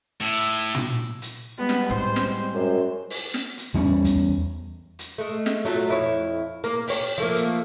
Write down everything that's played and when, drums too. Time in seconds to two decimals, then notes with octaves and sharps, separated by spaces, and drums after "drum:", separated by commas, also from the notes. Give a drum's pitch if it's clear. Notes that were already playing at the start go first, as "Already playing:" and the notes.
0.21 A2 E5
0.75 drum: tom
1.22 drum: hi-hat
1.59 G3 G#3 B3
1.69 drum: snare
1.89 A2 C4 C5
2.16 drum: snare
2.55 F#2 C5
3.10 drum: open hi-hat
3.34 drum: snare
3.57 drum: hi-hat
3.74 E2 G3 G#3 C#4
4.05 drum: kick, hi-hat
4.99 drum: hi-hat
5.18 G#3 A3
5.46 drum: snare
5.65 F#3 A3 F4
5.89 F2 E4 C#5
6.64 A#3
6.88 G4 C#5, drum: open hi-hat
7.18 F3 A3 A#3
7.34 drum: hi-hat